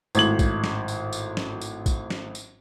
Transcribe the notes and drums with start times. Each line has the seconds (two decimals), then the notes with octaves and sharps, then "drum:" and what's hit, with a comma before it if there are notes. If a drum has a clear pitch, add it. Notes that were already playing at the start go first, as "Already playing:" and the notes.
0.15 G#1 A2 G#6 F#7, drum: tambourine
0.39 drum: kick, tambourine
0.64 drum: snare
0.88 drum: tambourine
1.13 drum: tambourine
1.37 drum: snare
1.61 drum: tambourine
1.86 drum: kick, tambourine
2.10 drum: snare
2.35 drum: tambourine